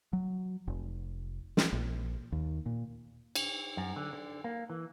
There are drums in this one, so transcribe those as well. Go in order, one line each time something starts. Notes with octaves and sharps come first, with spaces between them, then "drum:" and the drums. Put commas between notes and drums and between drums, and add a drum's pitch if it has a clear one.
F#3
F1
drum: snare
A#1
D#2
A#2
drum: cymbal
F#2
D3
D3
A#3
E3